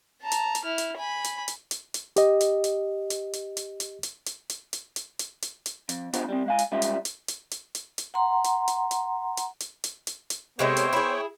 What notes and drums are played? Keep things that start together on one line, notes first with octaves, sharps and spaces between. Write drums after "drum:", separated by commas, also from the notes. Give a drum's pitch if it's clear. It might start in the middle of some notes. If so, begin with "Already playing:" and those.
A5 A#5
drum: hi-hat
drum: hi-hat
E4 F6
drum: hi-hat
G#5 B5
drum: hi-hat
drum: hi-hat
drum: hi-hat
drum: hi-hat
G4 D#5, drum: hi-hat
drum: hi-hat
drum: hi-hat
drum: hi-hat
drum: hi-hat
drum: hi-hat
drum: hi-hat
drum: hi-hat
drum: hi-hat
drum: hi-hat
drum: hi-hat
drum: hi-hat
drum: hi-hat
drum: hi-hat
drum: hi-hat
F2, drum: hi-hat
B3 D4 F4 F#4 G#4 C5, drum: hi-hat
G3 C4
G#3 F5 G#5
drum: hi-hat
G3 G#3 C#4 F4 E5
drum: hi-hat
drum: hi-hat
drum: hi-hat
drum: hi-hat
drum: hi-hat
drum: hi-hat
F#5 A#5 C6
drum: hi-hat
drum: hi-hat
drum: hi-hat
drum: hi-hat
drum: hi-hat
drum: hi-hat
drum: hi-hat
drum: hi-hat
C3 G#3 A3 B3 C5 C#5 E5 G5
drum: hi-hat
E4 G#4